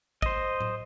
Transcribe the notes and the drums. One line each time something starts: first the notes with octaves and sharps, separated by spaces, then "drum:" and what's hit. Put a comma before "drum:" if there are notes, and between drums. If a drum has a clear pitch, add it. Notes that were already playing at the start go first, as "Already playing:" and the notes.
C5 D#5, drum: kick
drum: tom A2